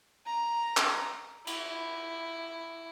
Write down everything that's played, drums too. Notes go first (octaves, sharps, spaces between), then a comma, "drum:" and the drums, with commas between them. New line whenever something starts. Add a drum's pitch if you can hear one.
A#5
drum: clap
E4, drum: cymbal